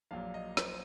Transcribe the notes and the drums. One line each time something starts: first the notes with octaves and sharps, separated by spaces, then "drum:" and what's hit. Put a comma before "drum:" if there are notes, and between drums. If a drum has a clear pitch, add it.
A#1 A#2 F#3 F5
D#5
C5, drum: snare